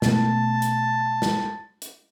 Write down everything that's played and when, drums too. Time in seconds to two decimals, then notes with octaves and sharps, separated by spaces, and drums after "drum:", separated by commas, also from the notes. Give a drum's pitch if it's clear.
0.02 B2 A3 A5, drum: snare
0.62 drum: hi-hat
1.22 drum: snare
1.82 drum: hi-hat